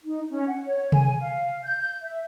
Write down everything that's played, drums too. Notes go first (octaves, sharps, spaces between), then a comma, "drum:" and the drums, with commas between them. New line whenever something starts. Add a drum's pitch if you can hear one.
D#4
C#4
F#5
C#5
G#5, drum: tom C3
F5
G6
E5